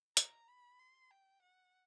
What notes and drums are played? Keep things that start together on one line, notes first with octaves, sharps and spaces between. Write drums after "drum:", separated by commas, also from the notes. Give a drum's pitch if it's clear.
A#5, drum: hi-hat
B5
C6
G5
F#5